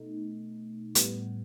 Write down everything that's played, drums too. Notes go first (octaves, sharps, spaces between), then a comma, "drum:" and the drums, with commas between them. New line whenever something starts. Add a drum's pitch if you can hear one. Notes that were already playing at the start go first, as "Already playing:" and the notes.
Already playing: B2 A3 D#4
A2 G3 B3, drum: hi-hat